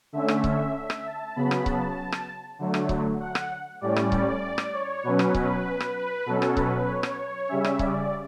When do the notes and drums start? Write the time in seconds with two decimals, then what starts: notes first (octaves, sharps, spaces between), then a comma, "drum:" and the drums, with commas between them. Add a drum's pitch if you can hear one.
0.13 D3 A3 C#4 E5
0.28 drum: rim click
0.44 E5, drum: kick C#1
0.75 E5
0.90 drum: rim click
1.06 A5
1.36 C#3 F#3 B3 B5
1.51 drum: rim click
1.66 A5, drum: kick C#1
2.12 drum: rim click
2.59 D3 F#3 A3
2.74 drum: rim click
2.89 drum: kick C#1
3.20 F#5
3.35 drum: rim click
3.81 A2 G3 C#4 D5
3.96 drum: rim click
4.12 drum: kick C#1
4.58 drum: rim click
4.74 C#5
5.04 B2 F#3 C#4 B4
5.19 drum: rim click
5.34 drum: kick C#1
5.80 drum: rim click
5.96 B4
6.26 B2 F#3 C#4 A4
6.42 drum: rim click
6.57 B4, drum: kick C#1
6.87 C#5
7.03 drum: rim click
7.49 C#3 G3 C#4 E5
7.64 drum: rim click
7.79 D5, drum: kick C#1